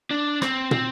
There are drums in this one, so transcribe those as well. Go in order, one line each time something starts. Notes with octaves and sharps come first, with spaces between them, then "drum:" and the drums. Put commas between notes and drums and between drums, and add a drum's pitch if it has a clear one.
D4
C4, drum: rim click
C4, drum: tom